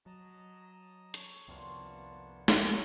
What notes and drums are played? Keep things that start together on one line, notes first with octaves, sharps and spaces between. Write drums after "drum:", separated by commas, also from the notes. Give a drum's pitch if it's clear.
F#3 D#5 A5 A#5
A4 C#5, drum: hi-hat
C2 F2 C3 A#3 B3 D4 F4 C#6
drum: snare